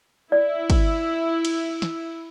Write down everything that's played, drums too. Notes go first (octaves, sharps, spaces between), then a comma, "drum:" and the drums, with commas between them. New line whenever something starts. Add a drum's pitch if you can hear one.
E4 D5
drum: kick, cymbal
drum: cymbal
drum: snare